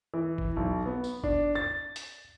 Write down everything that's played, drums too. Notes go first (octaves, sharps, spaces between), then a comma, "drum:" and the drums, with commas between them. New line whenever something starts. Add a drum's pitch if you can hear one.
E3
drum: kick
B1
B3
drum: tambourine
D4, drum: kick
A6
drum: hi-hat